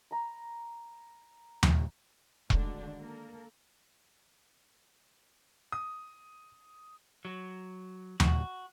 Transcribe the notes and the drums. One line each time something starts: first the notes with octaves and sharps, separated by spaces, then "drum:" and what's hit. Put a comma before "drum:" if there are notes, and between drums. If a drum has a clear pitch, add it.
A#5 B5
drum: tom D#2
D3 D#3 G#3 A3 D4 F#4, drum: kick E1
A#3 A4 A#4
D#6
F#3
F#4, drum: tom D#2